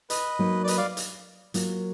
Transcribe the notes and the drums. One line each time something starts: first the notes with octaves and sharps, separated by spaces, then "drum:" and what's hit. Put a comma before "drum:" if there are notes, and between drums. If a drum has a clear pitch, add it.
B4 D#5, drum: hi-hat
F#3 A#3 D#4
D5
B4 D#5, drum: hi-hat
D5 F5
drum: hi-hat
F#3 A#3 F4, drum: hi-hat